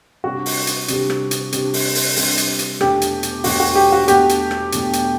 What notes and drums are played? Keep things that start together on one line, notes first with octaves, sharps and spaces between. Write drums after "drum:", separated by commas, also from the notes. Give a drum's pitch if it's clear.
C3 G3 D4 F#4 G4
drum: open hi-hat
drum: hi-hat
C3 G3 D4 G4, drum: hi-hat
drum: rim click
drum: hi-hat
C3 G3 D4 G4, drum: hi-hat
drum: open hi-hat
drum: open hi-hat
C3 G3 D4 G4, drum: open hi-hat
drum: hi-hat
drum: hi-hat
E2 B2 A3 D4 G4, drum: rim click
drum: hi-hat
drum: hi-hat
E2 B2 A3 D4 F#4, drum: open hi-hat
F#4
G4
F#4
E2 B2 A3 D4 G4, drum: hi-hat
drum: hi-hat
drum: rim click
E2 B2 A3 D4, drum: hi-hat
drum: hi-hat